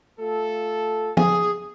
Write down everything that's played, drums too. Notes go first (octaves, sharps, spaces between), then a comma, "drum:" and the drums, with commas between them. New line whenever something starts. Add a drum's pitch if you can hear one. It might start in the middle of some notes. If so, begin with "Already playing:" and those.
A3 F4 A4
G#4 G#5, drum: tom